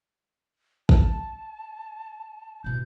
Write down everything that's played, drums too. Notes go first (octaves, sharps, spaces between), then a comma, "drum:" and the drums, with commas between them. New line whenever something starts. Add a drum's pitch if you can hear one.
A5, drum: kick
A1 B2 G6